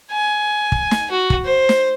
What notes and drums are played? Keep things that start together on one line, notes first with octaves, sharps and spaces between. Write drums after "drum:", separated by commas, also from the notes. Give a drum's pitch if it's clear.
G#5
drum: kick
drum: snare
F#4
drum: kick
C5
drum: snare